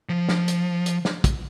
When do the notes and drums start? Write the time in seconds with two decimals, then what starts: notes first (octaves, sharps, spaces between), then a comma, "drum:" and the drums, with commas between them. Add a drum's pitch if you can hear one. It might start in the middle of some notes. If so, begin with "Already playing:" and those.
0.09 F3
0.29 drum: snare
0.48 drum: hi-hat
0.86 drum: hi-hat
1.05 drum: snare
1.24 drum: kick, hi-hat